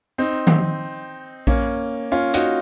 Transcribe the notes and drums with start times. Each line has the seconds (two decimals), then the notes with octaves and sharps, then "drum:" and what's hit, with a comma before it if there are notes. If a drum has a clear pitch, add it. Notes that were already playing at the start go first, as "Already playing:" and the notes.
0.18 C4 D#4
0.47 drum: tom D#3
1.47 A#3 C#4, drum: kick A#1
2.12 C#4 F4
2.34 D#4 F#4, drum: hi-hat